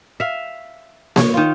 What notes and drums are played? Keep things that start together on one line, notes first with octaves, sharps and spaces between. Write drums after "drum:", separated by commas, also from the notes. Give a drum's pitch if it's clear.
E5 F5
C#5, drum: snare A#3
D#3 F4